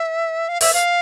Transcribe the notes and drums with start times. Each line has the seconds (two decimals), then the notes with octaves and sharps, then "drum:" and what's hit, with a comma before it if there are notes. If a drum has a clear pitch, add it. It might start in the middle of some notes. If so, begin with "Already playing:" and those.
Already playing: E5
0.48 F5
0.61 E5, drum: open hi-hat
0.74 F5